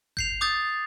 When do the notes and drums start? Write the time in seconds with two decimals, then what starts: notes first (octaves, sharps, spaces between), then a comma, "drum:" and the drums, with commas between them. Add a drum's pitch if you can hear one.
0.17 G6 C7 F7, drum: kick G1
0.41 D6 D#6 G6 A6